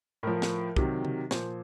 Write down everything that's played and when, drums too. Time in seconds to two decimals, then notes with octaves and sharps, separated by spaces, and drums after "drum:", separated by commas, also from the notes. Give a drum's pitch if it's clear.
0.23 A2 F3 A#4
0.42 drum: snare
0.76 C3 D#3 F#3, drum: kick
1.05 drum: tom C#3
1.31 A#2 F3 C5, drum: snare